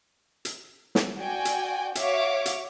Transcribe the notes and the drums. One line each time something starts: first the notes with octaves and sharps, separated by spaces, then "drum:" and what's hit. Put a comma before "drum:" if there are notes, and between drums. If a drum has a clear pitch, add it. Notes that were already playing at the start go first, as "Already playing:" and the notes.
drum: hi-hat
drum: snare
F#4 D5 G5 G#5
drum: hi-hat
F#4 C#5 E5 F5 D6, drum: hi-hat
drum: hi-hat